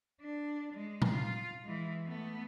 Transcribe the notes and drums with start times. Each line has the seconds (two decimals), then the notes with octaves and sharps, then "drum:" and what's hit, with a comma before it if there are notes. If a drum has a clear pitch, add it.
0.21 D4
0.73 G#3
1.02 drum: tom A#2
1.12 F4
1.63 E3 G#3
2.05 A3 B3